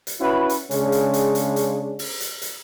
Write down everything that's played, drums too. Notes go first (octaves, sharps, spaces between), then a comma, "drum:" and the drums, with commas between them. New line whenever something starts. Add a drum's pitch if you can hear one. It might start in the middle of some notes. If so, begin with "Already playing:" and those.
drum: hi-hat
C#4 E4 F#4 B4
drum: hi-hat
C#3 G#3 C#4 D4, drum: hi-hat
drum: hi-hat
drum: hi-hat
drum: hi-hat
drum: hi-hat
drum: open hi-hat
drum: hi-hat
drum: hi-hat